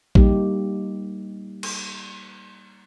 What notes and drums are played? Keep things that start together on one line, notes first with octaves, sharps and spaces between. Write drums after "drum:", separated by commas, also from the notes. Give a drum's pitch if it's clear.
G3 A#3 D#4 G4, drum: kick A#1
drum: cymbal